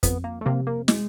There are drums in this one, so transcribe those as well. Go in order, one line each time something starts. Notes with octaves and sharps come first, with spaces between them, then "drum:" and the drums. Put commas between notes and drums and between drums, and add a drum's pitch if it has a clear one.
F2 B3, drum: kick, hi-hat
A#3
A3
C3 A#3
A#3
G#3, drum: snare